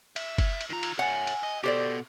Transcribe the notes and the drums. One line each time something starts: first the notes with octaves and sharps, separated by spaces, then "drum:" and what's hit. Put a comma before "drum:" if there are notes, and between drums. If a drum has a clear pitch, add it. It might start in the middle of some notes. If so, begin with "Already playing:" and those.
E5, drum: cymbal
drum: kick, cymbal
drum: cymbal
D#3 F4 A#5
drum: cymbal
C#5 E5 F#5 G#5
drum: cymbal
D#5
B2 G4 A4 C5 D5